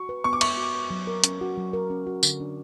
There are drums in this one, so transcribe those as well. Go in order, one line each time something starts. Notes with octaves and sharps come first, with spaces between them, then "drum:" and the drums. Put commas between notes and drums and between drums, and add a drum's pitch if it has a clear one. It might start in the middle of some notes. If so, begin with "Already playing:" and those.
Already playing: F#4 C#6
B4
B3 C#6
D6
E5 C#6, drum: cymbal
F#4
B4
F#3
A#4
C#4, drum: hi-hat
F#4
F#3
A#4
C#4
F#4
D3, drum: tambourine
D4